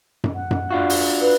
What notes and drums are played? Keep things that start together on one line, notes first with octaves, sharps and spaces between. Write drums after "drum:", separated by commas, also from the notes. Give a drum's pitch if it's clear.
drum: tom F#2
F#5
drum: tom F#2
D4 F4 F#4
drum: open hi-hat
B4